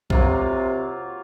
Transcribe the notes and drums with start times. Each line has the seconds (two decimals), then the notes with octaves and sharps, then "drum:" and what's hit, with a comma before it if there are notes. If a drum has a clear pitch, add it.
0.10 C3 F#3 A#3 F4, drum: kick A#1